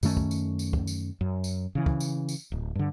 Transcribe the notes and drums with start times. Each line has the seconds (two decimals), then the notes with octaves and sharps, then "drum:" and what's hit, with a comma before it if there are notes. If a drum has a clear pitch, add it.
0.03 F#2 D#3 A3 C#4, drum: tambourine
0.17 drum: kick
0.31 drum: tambourine
0.59 drum: tambourine
0.73 drum: kick
0.87 drum: tambourine
1.21 F#2
1.44 drum: tambourine
1.75 C#3 E3
1.86 drum: kick
2.00 drum: tambourine
2.29 drum: tambourine
2.52 D1
2.75 G2 D3